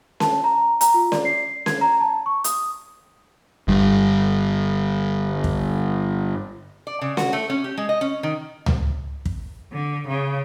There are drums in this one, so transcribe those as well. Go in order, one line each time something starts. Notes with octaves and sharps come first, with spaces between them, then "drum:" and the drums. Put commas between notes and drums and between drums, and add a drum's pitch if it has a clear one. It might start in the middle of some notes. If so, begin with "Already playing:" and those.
A5, drum: snare C#4
A#5
A#5, drum: hi-hat
F4
D5, drum: snare C#4
C7
G#6, drum: snare C#4
A#5
A5
C#6
D#6, drum: hi-hat
G1 G2
drum: kick
D5
C#3
F#4, drum: snare C#4
A3
C#4
G4
G#3
D#5
C#4
D#3
drum: tom C#2
drum: kick
D3
C#3